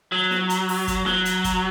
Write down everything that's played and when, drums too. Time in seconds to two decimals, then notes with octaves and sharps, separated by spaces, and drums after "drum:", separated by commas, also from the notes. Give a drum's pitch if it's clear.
0.12 F#3
0.31 drum: snare
0.50 drum: hi-hat
0.69 drum: open hi-hat
0.88 drum: kick, hi-hat
1.06 F#3, drum: snare
1.25 drum: hi-hat
1.44 drum: kick, hi-hat